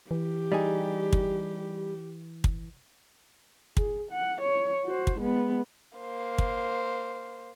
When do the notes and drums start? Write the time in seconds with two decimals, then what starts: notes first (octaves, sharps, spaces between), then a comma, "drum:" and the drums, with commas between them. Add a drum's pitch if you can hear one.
0.11 E3 G4
0.52 G3 D#4 G#4
1.13 drum: kick
2.44 drum: kick
3.77 G#4, drum: kick
4.12 F#5
4.41 C#5
4.85 F#4 C5
5.07 drum: kick
5.19 G#3 B3
5.98 A#3 C5
6.38 drum: kick